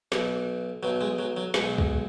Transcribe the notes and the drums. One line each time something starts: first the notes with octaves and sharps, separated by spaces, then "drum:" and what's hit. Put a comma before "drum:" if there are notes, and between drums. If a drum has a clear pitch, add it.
B1 B2, drum: snare
B1 B2 F#3
G#3
F#3
F#3
B1 B2 G#3, drum: snare
drum: kick